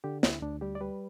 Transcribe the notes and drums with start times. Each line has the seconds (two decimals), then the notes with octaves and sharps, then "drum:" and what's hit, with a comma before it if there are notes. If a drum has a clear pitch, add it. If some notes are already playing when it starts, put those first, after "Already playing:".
0.04 D3 G4
0.23 D2 E4, drum: snare
0.42 D2 D4
0.61 G3 G4
0.75 D5
0.81 G3 B4